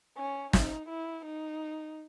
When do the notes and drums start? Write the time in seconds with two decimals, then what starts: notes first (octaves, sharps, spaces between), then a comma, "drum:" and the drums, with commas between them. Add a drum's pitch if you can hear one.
0.17 C#4
0.53 D#4, drum: snare
0.89 E4
1.26 D#4